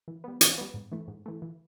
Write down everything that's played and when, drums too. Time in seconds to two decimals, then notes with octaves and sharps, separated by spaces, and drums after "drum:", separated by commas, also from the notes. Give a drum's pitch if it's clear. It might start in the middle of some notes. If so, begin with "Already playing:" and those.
0.08 E3
0.24 G3 B3
0.41 E3, drum: hi-hat
0.58 G3 B3
0.74 G#2
0.92 E3 A3
1.08 G#2
1.26 E3 A3
1.42 E3